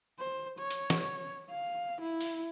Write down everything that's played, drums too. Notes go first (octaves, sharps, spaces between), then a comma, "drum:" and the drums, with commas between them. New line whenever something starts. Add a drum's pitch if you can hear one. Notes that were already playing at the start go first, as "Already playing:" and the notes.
C5
C#5
drum: hi-hat
drum: snare
F5
E4
drum: open hi-hat